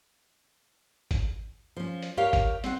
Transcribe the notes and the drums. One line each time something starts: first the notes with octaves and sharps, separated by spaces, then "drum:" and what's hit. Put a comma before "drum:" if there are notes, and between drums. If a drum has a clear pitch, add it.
drum: kick G#1, hi-hat
F3 C#4
drum: hi-hat
G4 A#4 C#5 E5 F5
drum: kick G#1, hi-hat
C4 F#5, drum: hi-hat